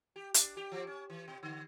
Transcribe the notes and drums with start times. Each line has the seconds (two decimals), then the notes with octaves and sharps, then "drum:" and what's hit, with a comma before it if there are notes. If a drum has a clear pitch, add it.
0.16 G4
0.34 D4, drum: hi-hat
0.57 G4
0.72 F3
0.87 C#4
1.10 E3
1.28 B2
1.43 D3